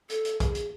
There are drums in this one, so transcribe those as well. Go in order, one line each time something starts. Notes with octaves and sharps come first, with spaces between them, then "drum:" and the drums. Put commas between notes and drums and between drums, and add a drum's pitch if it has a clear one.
A4, drum: hi-hat
drum: hi-hat
G#4, drum: kick, hi-hat
drum: hi-hat